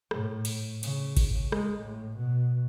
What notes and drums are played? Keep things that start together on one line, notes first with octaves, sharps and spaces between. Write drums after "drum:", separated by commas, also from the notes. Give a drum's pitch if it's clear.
A2, drum: rim click
drum: cymbal
C#3, drum: cymbal
drum: kick G#1, cymbal
G#3, drum: rim click
A2
B2